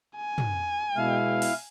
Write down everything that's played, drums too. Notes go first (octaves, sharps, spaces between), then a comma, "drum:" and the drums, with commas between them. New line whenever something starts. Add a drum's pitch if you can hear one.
G#5
drum: tom
B2 G#3 E4 F5
drum: open hi-hat